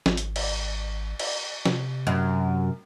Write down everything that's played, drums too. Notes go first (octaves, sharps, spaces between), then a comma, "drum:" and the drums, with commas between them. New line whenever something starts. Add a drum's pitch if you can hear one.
G#1, drum: snare
drum: hi-hat
drum: cymbal
drum: cymbal
C3, drum: snare
F#2